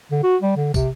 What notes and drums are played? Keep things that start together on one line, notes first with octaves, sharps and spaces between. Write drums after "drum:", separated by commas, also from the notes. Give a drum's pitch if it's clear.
D3
F#4
G3
D3
C3, drum: kick, tambourine